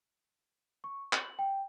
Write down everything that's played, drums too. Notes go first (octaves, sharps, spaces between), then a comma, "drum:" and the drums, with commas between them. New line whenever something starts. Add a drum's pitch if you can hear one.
C#6
F#7, drum: clap
G5